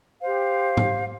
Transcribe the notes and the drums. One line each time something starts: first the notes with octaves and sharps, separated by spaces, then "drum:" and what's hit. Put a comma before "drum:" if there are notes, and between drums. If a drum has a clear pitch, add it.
G4 C5 F5
drum: tom